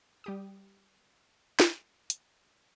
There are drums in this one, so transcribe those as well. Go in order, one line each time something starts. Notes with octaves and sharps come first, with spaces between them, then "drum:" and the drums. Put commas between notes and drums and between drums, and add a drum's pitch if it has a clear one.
G3 G4 D#6
drum: snare
drum: hi-hat